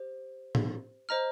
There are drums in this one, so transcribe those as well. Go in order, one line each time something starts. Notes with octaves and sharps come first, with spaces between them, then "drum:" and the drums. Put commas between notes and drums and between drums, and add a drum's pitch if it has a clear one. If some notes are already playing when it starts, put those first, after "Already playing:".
Already playing: G4 C5
drum: tom
C5 D#5 A#5 F6